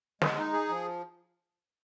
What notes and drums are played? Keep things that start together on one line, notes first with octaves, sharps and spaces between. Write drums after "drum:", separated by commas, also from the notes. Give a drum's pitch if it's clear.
G#3, drum: snare
D#4
G#4
F3